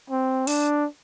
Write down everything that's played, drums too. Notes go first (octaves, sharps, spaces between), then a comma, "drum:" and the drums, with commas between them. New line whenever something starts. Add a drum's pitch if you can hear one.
C4
D4, drum: open hi-hat